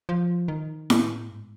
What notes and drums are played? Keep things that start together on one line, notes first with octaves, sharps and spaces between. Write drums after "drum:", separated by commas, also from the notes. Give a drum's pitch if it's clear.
F3
D#3
A2, drum: snare E4
G#2